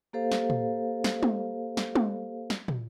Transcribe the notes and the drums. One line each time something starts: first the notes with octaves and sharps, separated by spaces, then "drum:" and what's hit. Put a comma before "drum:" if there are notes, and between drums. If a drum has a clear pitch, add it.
A#3 G4 A4 C5 F5
drum: snare
drum: tom
drum: snare
drum: tom
drum: snare
drum: tom
drum: snare
drum: tom